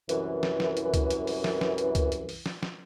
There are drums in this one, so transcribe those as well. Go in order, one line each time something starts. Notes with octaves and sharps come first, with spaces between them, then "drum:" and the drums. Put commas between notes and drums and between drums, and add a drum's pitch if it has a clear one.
C2 F#2 E3, drum: hi-hat
drum: snare
drum: snare
drum: hi-hat
drum: kick C#2, hi-hat
drum: hi-hat
drum: open hi-hat
drum: snare
drum: snare
drum: hi-hat
drum: kick C#2, hi-hat
drum: hi-hat
drum: open hi-hat
drum: snare
drum: snare